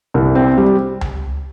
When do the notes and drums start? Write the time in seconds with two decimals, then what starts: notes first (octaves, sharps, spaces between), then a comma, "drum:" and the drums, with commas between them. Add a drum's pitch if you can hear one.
0.14 C2
0.35 C4
0.58 G3
1.01 drum: tom C#2